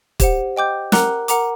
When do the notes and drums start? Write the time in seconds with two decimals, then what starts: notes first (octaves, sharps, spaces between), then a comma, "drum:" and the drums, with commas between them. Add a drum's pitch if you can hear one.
0.20 G4 C5 F#5, drum: kick, hi-hat
0.56 D#5 G5 D6 G6
0.92 A#4 F#5 A#5 D6 F#6, drum: snare
1.28 A#4 F#5 A#5 D6, drum: hi-hat